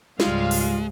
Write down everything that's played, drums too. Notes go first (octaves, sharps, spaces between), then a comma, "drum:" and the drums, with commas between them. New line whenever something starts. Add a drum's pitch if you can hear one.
C#2 G#2 G3 G#3 F4 F5, drum: snare
drum: open hi-hat